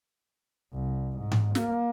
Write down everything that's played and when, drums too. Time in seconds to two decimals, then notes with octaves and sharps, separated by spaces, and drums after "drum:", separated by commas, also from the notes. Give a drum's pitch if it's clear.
0.74 C2
1.18 G#2
1.32 drum: tom G#2
1.55 A#3, drum: snare